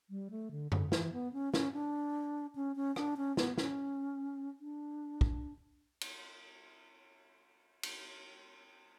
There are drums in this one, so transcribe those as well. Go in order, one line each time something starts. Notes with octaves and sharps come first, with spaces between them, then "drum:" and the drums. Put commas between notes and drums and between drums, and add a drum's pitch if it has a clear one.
G3
A3
D3
D3, drum: tom F#2
E3, drum: snare
B3
C#4
C#4, drum: snare
D4
C#4
C#4
D4, drum: rim click
C#4
B3, drum: snare
C#4, drum: snare
D4
drum: kick
drum: cymbal
drum: cymbal